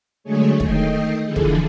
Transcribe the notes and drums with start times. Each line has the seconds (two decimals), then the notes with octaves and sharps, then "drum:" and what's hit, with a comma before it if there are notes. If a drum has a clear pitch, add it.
0.24 D3 F#3 G#3 A3 G#4 C#5
0.60 D#3 A3 D#5 G5 C7, drum: kick
1.23 D3 E3 F3 G#4 A4
1.36 drum: kick